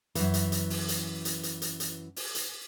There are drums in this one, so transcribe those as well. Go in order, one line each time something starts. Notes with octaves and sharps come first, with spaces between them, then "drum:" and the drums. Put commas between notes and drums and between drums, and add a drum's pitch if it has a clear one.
F#2 E3, drum: hi-hat
drum: hi-hat
drum: hi-hat
drum: open hi-hat
drum: hi-hat
drum: hi-hat
drum: hi-hat
drum: hi-hat
drum: hi-hat
drum: open hi-hat
drum: hi-hat